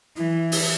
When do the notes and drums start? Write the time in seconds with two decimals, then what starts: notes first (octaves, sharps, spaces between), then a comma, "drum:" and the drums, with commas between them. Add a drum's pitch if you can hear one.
0.17 E3 E4
0.52 drum: open hi-hat